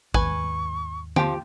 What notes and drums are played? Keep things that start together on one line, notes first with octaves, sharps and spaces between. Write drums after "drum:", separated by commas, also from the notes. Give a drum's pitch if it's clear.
D#2 G#2 B4 G#5 C#6, drum: kick A1
F3 F4 G4 G5, drum: tom D3